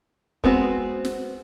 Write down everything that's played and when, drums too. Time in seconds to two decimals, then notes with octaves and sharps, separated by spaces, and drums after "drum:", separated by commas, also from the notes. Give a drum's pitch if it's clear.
0.44 G#3 B3 C4 F#4, drum: kick
1.05 drum: snare